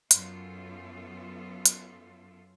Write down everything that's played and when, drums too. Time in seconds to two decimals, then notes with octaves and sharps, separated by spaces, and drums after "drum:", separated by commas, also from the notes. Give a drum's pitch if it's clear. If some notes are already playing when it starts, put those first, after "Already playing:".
0.11 F#2 B3 F4 A4, drum: hi-hat
1.66 drum: hi-hat